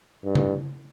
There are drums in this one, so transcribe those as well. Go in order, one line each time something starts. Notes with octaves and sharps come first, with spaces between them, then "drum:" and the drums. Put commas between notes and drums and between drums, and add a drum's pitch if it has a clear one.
G2
drum: tom C#3